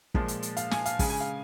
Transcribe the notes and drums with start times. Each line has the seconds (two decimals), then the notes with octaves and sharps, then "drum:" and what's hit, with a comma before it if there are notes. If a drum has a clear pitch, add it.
0.14 A#2 F3 G#3, drum: kick
0.28 drum: hi-hat
0.43 drum: hi-hat
0.57 F5, drum: hi-hat
0.71 G#5, drum: snare
0.86 F5, drum: hi-hat
0.99 C#3 G#3 G#5, drum: kick, open hi-hat
1.10 G#5
1.20 F5